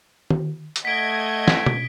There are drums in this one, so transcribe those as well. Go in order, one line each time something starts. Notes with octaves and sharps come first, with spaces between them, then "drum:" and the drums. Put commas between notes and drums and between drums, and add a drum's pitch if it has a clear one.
drum: tom D#3
drum: hi-hat
A3 D#5 F#5 G#6 B6 D7
drum: snare
drum: tom